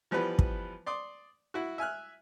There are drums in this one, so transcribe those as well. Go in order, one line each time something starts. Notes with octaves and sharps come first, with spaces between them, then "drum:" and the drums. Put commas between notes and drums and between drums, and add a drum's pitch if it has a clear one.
E3 F3 G3 B3 B4
drum: kick
D5 C6 D6 D#6
E4 F#4
E5 G#5 F6 F#6